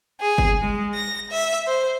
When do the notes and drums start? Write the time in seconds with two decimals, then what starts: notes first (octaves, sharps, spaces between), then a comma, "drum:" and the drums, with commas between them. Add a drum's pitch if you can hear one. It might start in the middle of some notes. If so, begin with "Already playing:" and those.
0.21 G#4
0.38 drum: kick G1
0.62 G#3
0.95 A#6
1.31 E5
1.67 C5